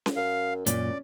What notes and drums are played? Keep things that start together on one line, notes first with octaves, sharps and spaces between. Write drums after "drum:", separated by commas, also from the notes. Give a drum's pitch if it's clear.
drum: snare C#4
F#2 F5
F#2 A#2 C#4 D5, drum: hi-hat